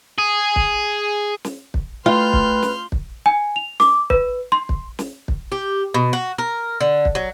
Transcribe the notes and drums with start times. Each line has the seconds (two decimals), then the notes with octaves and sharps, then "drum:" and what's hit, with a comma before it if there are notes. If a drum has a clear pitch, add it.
0.19 G#4
0.56 drum: kick
1.44 drum: snare
1.74 drum: kick
2.06 A3 F4 B4 G5 C6 F6 G6
2.33 drum: kick
2.63 drum: snare
2.92 drum: kick
3.26 G#5
3.56 F7
3.80 D6, drum: snare
4.10 B4, drum: kick
4.52 C6
4.69 drum: kick
4.99 drum: snare
5.28 drum: kick
5.52 G4
5.94 B2
6.13 F#4
6.38 A#4
6.81 D3
7.05 drum: kick
7.15 F#3